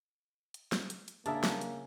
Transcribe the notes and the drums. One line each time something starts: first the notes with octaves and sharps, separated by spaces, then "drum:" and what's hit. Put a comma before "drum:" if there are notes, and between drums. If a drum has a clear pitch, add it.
drum: hi-hat
drum: snare
drum: hi-hat
drum: hi-hat
C#3 A#3 D4 G#4 A#4 E5 A5, drum: hi-hat
drum: snare
drum: hi-hat